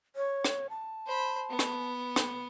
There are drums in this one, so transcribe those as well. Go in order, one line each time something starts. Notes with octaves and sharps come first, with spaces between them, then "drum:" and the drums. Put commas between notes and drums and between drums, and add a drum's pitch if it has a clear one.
C#5
drum: rim click
A5
C5 B5
B3
drum: rim click
drum: rim click